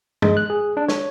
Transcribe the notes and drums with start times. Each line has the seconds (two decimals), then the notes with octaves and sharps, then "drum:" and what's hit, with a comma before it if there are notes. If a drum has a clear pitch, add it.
0.22 G#3, drum: tom
0.37 F#6
0.50 G#4
0.77 D4
0.88 C#5, drum: snare